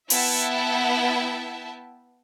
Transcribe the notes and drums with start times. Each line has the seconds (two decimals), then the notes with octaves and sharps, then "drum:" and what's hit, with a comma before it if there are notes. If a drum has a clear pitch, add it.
0.10 B3 E4 E5 G5 A5, drum: open hi-hat